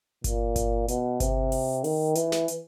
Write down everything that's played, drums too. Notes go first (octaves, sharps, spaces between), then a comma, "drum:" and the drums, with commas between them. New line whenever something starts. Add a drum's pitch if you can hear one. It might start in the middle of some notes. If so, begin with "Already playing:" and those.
A#2, drum: kick G1, hi-hat
drum: kick G1, hi-hat
B2, drum: hi-hat
C3, drum: kick G1, hi-hat
drum: open hi-hat
D#3, drum: open hi-hat
E3, drum: hi-hat
drum: snare
drum: hi-hat